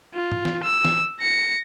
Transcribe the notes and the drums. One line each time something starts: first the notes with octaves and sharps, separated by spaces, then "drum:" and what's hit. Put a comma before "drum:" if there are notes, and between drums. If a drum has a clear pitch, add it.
F4
drum: tom
drum: snare E3
E6
drum: snare E3
A#6 C#7